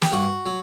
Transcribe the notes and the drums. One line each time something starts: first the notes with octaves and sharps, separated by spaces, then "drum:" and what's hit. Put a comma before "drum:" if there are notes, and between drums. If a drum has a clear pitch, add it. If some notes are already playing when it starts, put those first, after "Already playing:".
G4, drum: snare
G2 F#4
F#3